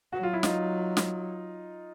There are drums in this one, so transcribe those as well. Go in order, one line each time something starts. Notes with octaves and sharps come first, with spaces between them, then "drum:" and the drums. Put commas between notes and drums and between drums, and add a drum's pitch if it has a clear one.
F#3 F#4
F4
E4
D#4 F4, drum: snare
drum: snare